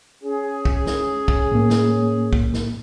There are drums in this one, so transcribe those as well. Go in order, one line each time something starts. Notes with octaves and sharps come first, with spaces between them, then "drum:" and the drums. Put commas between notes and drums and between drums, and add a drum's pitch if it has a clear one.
C#4 G#4
drum: kick
drum: snare
drum: kick
A2 A#3
drum: snare
drum: kick
drum: snare